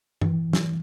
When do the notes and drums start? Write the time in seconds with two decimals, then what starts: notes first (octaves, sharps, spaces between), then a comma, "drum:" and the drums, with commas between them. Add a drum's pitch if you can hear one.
0.21 E3, drum: tom G2
0.53 drum: snare